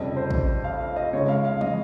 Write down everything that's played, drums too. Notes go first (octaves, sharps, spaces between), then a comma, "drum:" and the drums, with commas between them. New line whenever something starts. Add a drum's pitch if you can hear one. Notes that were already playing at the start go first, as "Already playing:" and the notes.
Already playing: F1 F2 C#3 G3 D#5
C5
drum: kick A1
F5
F5
D#5
C#2 C#3 G#3 C#5
F5
F5
D#5, drum: tom